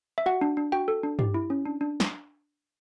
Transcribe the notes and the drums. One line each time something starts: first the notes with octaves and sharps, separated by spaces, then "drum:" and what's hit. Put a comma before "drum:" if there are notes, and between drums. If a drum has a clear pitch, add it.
E5
F#4 F#5
D4
D4
F#4 G5
A4
D4
G4, drum: tom G2
E4
C#4
D4
D4
drum: snare